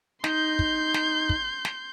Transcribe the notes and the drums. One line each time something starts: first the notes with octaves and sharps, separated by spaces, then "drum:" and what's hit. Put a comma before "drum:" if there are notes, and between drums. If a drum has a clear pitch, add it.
D#4 C6 G6, drum: snare
drum: kick
drum: snare
drum: kick
drum: snare